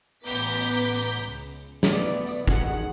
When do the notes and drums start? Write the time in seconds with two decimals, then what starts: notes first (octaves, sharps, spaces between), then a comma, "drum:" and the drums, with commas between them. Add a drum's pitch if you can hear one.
0.27 A1 B3 A#5 D6 G6 B6, drum: open hi-hat
1.22 C#2
1.83 A3 B3 D5, drum: snare
2.27 drum: tambourine
2.48 A1 F2 D#3 G#4 F#5, drum: kick